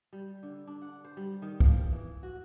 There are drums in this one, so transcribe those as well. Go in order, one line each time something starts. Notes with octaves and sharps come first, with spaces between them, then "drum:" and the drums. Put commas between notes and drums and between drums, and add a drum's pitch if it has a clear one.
G3
D3
D4
F#5
C5
G3
D#3
F3, drum: kick
E3
F#4